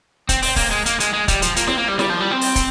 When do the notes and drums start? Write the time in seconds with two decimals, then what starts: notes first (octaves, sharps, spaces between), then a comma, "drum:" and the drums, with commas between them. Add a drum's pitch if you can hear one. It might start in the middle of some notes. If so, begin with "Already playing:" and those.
0.29 C4, drum: kick, hi-hat
0.42 C4, drum: open hi-hat
0.56 A#3, drum: kick, open hi-hat
0.71 G#3
0.86 A#3, drum: hi-hat
1.00 G#3, drum: hi-hat
1.13 G#3
1.28 G3, drum: kick, hi-hat
1.42 F3, drum: hi-hat
1.56 A#3, drum: hi-hat
1.67 C4, drum: snare
1.78 A#3
1.88 G3
1.99 G3, drum: snare
2.10 F3
2.20 G3
2.31 C4
2.41 drum: open hi-hat
2.56 drum: kick, hi-hat